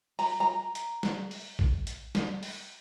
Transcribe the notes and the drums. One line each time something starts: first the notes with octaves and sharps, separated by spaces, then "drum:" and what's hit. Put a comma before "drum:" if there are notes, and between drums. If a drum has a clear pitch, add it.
A#5, drum: open hi-hat
A#5
drum: hi-hat
drum: snare
drum: open hi-hat
drum: kick
drum: hi-hat
drum: snare
drum: open hi-hat